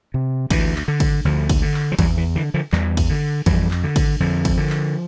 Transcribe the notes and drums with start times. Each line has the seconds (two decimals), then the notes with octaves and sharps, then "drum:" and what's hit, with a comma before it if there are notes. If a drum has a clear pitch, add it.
0.14 C3
0.50 D2 E3, drum: kick G#1, cymbal
0.76 drum: clap
0.88 D3
1.00 drum: kick G#1, cymbal
1.25 D2 D3 F3
1.49 drum: kick G#1, cymbal
1.62 D3
1.74 drum: clap
1.92 F3
1.99 E2 E3 G3, drum: kick G#1, cymbal
2.18 E3
2.36 D3 E3
2.54 D3 F3
2.73 E2 E3 G3, drum: clap
2.97 drum: kick G#1, cymbal
3.09 D3
3.46 F2 E3 G3, drum: kick G#1, cymbal
3.71 drum: clap
3.83 D3
3.96 drum: kick G#1, cymbal
4.20 F2 D3 F3
4.45 drum: kick G#1, cymbal
4.57 D3
4.70 drum: clap